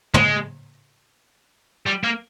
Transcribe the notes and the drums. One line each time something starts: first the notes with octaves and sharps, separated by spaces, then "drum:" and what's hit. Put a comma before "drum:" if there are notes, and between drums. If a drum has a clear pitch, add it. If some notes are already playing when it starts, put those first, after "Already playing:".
G#3, drum: tom
G3
A#3